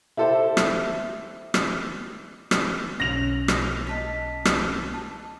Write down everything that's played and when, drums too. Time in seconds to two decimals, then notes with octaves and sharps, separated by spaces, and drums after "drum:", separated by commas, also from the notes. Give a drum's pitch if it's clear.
0.17 E4 G4 A4 C5
0.57 drum: rim click
1.54 drum: rim click
2.51 drum: rim click
3.00 B1 C#4 F6 A#6 F7
3.48 drum: rim click
3.87 D#5 A5 B6
4.45 drum: rim click
4.94 A5